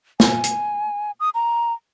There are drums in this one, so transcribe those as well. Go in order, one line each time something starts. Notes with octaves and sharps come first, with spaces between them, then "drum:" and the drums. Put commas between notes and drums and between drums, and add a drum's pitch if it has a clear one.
G#5, drum: snare
drum: hi-hat
D#6
A#5